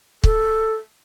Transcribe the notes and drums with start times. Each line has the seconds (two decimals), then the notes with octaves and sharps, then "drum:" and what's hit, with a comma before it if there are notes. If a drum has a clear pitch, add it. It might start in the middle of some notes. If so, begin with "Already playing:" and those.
0.24 A4, drum: kick